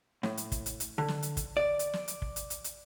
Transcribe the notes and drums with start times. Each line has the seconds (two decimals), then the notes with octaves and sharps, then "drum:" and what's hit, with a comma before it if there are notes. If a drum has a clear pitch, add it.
0.23 A2, drum: snare
0.37 drum: hi-hat
0.52 drum: kick, hi-hat
0.66 drum: hi-hat
0.80 drum: hi-hat
0.98 D3
1.08 drum: snare
1.23 drum: hi-hat
1.37 drum: kick, hi-hat
1.57 D5
1.79 drum: hi-hat
1.93 drum: snare
2.08 drum: hi-hat
2.22 drum: kick
2.36 drum: hi-hat
2.50 drum: hi-hat
2.64 drum: hi-hat